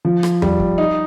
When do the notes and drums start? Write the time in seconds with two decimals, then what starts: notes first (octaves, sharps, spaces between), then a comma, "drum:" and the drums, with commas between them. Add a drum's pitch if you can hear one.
0.05 F3
0.23 drum: rim click
0.42 G3, drum: tom E2
0.60 drum: kick
0.78 D#4